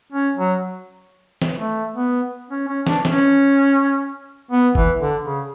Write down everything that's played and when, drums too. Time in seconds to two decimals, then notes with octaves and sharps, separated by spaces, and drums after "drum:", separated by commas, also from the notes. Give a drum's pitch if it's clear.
0.12 C#4
0.37 F#3
1.42 drum: snare
1.58 A3
1.95 B3
2.50 C#4
2.68 C#4
2.87 D4, drum: snare
3.05 C#4, drum: snare
4.51 B3
4.75 E3, drum: kick F#1
5.00 D3
5.25 C#3